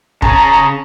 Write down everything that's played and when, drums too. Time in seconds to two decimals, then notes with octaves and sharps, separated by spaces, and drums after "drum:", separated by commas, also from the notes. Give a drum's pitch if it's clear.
0.22 C#3 C#4 A5 A#5, drum: kick